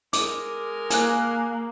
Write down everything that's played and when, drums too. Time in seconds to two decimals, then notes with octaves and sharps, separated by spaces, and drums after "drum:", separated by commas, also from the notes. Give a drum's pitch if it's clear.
0.13 G#3 A#4 D6, drum: hi-hat
0.90 A#3 G#5 F6 F#6, drum: hi-hat